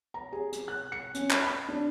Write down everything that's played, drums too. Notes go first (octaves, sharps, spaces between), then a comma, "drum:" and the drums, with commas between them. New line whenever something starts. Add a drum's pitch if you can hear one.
A#5
G#4
drum: hi-hat
F#6
C#7
C#4, drum: hi-hat
drum: clap
B5
D4